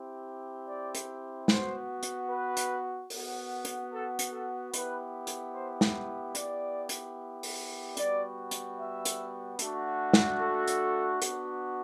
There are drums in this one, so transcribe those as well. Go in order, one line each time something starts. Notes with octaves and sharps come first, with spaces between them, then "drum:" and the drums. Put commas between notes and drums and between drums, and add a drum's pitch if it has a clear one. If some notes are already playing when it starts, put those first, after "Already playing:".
Already playing: C4 E4 G4
D5
drum: hi-hat
B3 F#4 C5, drum: snare
drum: hi-hat
B4
drum: hi-hat
B3 F#4, drum: open hi-hat
drum: hi-hat
A4
drum: hi-hat
A4
B3 E4 G4 B4, drum: hi-hat
drum: hi-hat
C5
drum: snare
B3 E4 G4 D5, drum: hi-hat
drum: hi-hat
drum: open hi-hat
G3 B3 F#4 D5, drum: hi-hat
drum: hi-hat
E5
drum: hi-hat
A3 D4 F#4, drum: hi-hat
drum: snare
A4
drum: hi-hat
B3 D4 F#4, drum: hi-hat